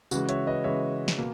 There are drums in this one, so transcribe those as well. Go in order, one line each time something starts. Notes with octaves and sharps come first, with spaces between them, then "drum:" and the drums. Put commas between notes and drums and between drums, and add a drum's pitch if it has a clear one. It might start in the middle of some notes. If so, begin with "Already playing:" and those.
C#3 E3 G#3 F#4, drum: tambourine
C#5 E5, drum: hi-hat
B4 D#5
C#3 E3 G#3 C#5 E5
drum: snare
B2 A#3